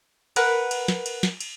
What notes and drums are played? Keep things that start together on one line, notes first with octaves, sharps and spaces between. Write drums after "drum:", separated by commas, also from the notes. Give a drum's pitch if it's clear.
A#4 B4 F#5 F#6, drum: cymbal
drum: cymbal
drum: snare
drum: cymbal
drum: snare
drum: cymbal